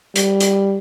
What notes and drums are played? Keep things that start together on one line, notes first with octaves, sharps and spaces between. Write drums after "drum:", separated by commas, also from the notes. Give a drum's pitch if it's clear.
G3, drum: hi-hat
drum: hi-hat